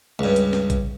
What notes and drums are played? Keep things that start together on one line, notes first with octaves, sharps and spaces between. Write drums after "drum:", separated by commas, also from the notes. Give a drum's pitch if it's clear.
C#2 G2
drum: hi-hat
drum: snare
drum: kick A#1, hi-hat